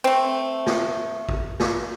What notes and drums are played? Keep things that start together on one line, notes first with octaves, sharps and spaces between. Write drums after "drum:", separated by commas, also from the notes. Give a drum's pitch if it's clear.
A3 C4
drum: snare
drum: kick
drum: snare